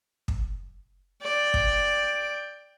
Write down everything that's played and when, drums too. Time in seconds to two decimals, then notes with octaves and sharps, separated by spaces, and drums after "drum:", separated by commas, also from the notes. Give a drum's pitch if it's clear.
0.28 drum: kick
1.22 D5 G5
1.54 drum: kick